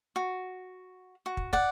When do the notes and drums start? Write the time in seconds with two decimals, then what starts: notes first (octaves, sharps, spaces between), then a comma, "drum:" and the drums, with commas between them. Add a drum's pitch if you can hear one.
0.16 F#4
1.26 F#4
1.37 drum: kick
1.53 D5 F#5, drum: kick